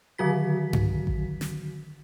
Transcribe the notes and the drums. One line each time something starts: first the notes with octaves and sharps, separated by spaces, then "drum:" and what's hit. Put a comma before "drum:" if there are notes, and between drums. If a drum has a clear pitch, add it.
D3 D#3 F#3 F#4 B6
drum: tom G2
drum: kick A1
drum: snare